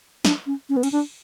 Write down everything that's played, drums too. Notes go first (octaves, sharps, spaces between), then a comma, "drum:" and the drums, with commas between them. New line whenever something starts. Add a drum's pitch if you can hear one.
D4, drum: snare
C#4
C#4
B3
C#4, drum: cymbal
D4